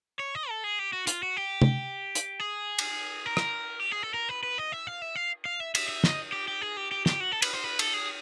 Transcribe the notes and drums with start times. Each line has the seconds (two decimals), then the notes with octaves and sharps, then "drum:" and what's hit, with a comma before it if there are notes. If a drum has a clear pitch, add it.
0.19 C#5
0.35 D#5
0.49 A4
0.64 G#4
0.79 G4
0.93 F#4
1.07 F4, drum: hi-hat
1.23 F#4
1.37 G4
1.62 drum: tom
2.15 drum: hi-hat
2.40 G#4
2.78 drum: cymbal
3.26 A#4
3.37 drum: rim click
3.80 G4
3.92 G#4
4.03 A4
4.14 A#4
4.29 B4
4.43 B4
4.58 D#5
4.72 E5
4.87 F5
5.02 E5
5.16 F5
5.45 F5
5.60 E5
5.75 E5, drum: cymbal
5.89 E5
6.04 D#5, drum: snare
6.33 G4
6.48 G4
6.61 G#4
6.77 G4
6.91 G4
7.06 G4, drum: snare
7.20 F#4
7.32 A4
7.42 B4, drum: cymbal
7.53 C5
7.64 B4
7.79 A4, drum: cymbal
7.94 G#4